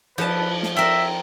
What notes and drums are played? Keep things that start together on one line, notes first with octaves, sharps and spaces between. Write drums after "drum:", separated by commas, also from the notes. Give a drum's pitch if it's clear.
F3 B4 A5, drum: cymbal
drum: snare
C4 A#4 E5